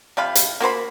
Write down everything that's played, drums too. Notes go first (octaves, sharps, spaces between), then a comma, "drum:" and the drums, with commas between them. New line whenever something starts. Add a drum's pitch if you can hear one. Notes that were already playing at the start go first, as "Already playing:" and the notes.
C3 F3 F5 B5
drum: hi-hat
A#3 F#4 C5 B5